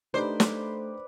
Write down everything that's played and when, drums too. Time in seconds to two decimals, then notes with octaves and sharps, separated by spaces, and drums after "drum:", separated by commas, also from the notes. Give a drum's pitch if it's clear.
0.14 A3 D4 D#4 G4 B4 C5 D5
0.40 drum: snare